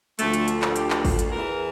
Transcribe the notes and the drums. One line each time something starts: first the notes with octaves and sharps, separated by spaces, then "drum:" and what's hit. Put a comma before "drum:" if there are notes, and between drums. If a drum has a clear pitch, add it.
D2 D3 F3 A3, drum: hi-hat
drum: hi-hat
drum: hi-hat
drum: clap
G4, drum: hi-hat
drum: clap
drum: kick, open hi-hat
drum: hi-hat
E2 E3 A#4